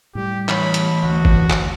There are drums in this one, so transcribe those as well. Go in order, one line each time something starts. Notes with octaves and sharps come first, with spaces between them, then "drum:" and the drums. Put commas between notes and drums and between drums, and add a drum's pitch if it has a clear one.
A2 G3 G4
E3 C#5 B5, drum: clap
drum: hi-hat
D2 F#4
drum: kick
drum: clap